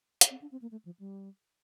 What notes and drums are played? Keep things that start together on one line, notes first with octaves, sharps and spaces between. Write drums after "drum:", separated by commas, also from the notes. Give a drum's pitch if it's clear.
drum: hi-hat
C4
D4
C4
A#3
A3
F3
G3